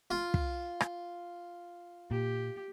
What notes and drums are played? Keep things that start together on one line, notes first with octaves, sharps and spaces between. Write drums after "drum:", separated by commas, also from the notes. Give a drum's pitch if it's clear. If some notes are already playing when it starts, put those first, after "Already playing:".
F4
drum: kick
drum: rim click
A#2 G4